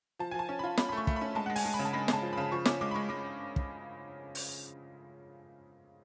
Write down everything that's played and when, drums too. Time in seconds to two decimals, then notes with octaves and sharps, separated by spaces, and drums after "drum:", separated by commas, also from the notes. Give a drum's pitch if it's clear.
0.19 F3 A5
0.31 F3 G#5
0.39 A5
0.49 C#4
0.59 F4 B5
0.77 C#4 B5, drum: snare
0.89 B5
0.92 A3 C#6
1.07 A3, drum: kick
1.16 B5
1.21 C#4
1.35 G#3 A5
1.46 G#3 F#5
1.56 G#5, drum: open hi-hat
1.65 G#3
1.74 B5
1.79 C#3
1.85 A5
1.93 G#3 B5
2.08 G#3, drum: snare
2.13 A5
2.22 F3
2.33 C#3 B5
2.52 F3 C#6
2.65 C#4 D6, drum: snare
2.81 G#3 D6
2.91 B5
2.94 G#3 C#6
3.09 G#3 D6
3.56 drum: kick
4.35 drum: open hi-hat